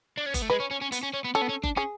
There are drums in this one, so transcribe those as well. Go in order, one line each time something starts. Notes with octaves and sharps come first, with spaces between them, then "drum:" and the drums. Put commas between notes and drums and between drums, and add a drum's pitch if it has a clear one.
D4
C#4
B3, drum: kick F#1, hi-hat
A3
G#3 B4
C#4
C#4
C#4
B3, drum: hi-hat
C#4
C#4
B3
C#4 A4
B3
C#4
D4, drum: kick F#1
C#4 G#4